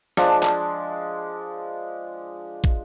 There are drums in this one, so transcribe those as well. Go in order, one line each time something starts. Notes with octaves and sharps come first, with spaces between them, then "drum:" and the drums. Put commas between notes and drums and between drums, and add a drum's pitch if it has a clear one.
F3 G#3 D4, drum: rim click
drum: clap
drum: kick